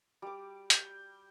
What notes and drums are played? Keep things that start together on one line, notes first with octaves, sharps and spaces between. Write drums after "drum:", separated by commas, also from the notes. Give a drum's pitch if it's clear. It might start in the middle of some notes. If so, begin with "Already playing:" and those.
G3 D6
G6, drum: hi-hat